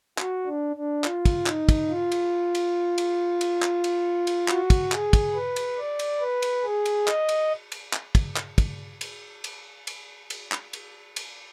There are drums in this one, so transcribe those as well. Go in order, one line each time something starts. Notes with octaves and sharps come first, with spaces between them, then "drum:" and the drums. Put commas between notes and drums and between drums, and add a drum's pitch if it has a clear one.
F#4, drum: clap
D4
D4
F4, drum: clap
drum: kick, cymbal
D#4, drum: clap
drum: kick, cymbal
F4
drum: cymbal
drum: cymbal
drum: cymbal
drum: cymbal
drum: clap
drum: cymbal
drum: cymbal
F#4, drum: clap
drum: kick, cymbal
G#4, drum: clap
drum: kick, cymbal
B4
drum: cymbal
D5
drum: cymbal
B4
drum: cymbal
G#4
drum: cymbal
D#5, drum: clap
drum: cymbal
drum: cymbal
drum: clap
drum: kick, cymbal
drum: clap
drum: kick, cymbal
drum: cymbal
drum: cymbal
drum: cymbal
drum: cymbal
drum: clap
drum: cymbal
drum: cymbal